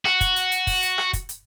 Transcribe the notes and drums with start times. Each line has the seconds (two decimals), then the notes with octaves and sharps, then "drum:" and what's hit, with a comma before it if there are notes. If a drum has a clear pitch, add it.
0.05 F#4, drum: rim click
0.21 drum: kick, hi-hat
0.36 drum: hi-hat
0.52 drum: hi-hat
0.67 drum: kick, open hi-hat
0.82 drum: hi-hat
0.98 drum: rim click
1.13 drum: kick, hi-hat
1.29 drum: hi-hat